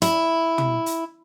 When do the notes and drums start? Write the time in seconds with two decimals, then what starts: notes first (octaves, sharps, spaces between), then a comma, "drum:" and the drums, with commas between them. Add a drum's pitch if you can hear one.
0.02 E4, drum: hi-hat
0.58 drum: tom
0.86 drum: hi-hat